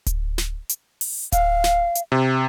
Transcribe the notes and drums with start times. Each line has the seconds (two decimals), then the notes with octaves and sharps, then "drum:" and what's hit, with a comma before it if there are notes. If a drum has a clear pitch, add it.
0.06 drum: kick D1, hi-hat
0.38 drum: snare
0.69 drum: hi-hat
1.01 drum: open hi-hat
1.32 F5, drum: kick D1, hi-hat
1.64 drum: snare
1.95 drum: hi-hat
2.12 C3